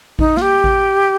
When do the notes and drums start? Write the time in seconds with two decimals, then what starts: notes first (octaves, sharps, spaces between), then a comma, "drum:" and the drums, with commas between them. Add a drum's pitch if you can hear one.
0.19 D#4, drum: kick A1
0.37 F4, drum: snare A#3
0.42 G4
0.64 drum: kick A1